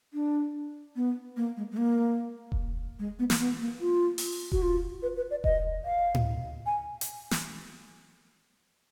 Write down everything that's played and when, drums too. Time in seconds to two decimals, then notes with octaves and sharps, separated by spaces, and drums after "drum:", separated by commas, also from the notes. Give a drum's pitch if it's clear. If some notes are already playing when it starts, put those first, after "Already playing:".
0.13 D4
0.96 B3
1.37 A#3
1.57 G#3
1.72 G#3
1.77 A#3
2.52 drum: kick E1
2.99 G#3
3.19 B3
3.30 A#3, drum: snare
3.40 B3
3.60 A#3
3.81 F4
4.18 drum: open hi-hat
4.52 F#4, drum: kick E1
4.62 F4
5.02 B4
5.17 B4
5.31 D5
5.44 D#5, drum: kick E1
5.85 F5
6.14 drum: tom A2
6.66 G#5
7.01 drum: hi-hat
7.31 drum: snare